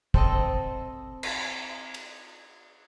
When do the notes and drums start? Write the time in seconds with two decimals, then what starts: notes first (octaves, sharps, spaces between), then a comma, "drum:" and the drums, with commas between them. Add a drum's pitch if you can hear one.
0.14 C4 A4 D#5, drum: kick
1.23 drum: cymbal
1.94 drum: cymbal